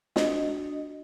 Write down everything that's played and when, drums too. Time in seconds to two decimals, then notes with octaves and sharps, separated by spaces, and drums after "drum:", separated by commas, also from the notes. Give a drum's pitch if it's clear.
0.16 D4 F#4 D#5, drum: snare